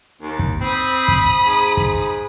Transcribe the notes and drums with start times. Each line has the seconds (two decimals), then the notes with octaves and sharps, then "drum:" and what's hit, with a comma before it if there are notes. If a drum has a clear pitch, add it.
0.22 D#2
0.39 drum: kick
0.61 C4 B5 D#6
1.08 drum: kick
1.46 G#2
1.77 drum: kick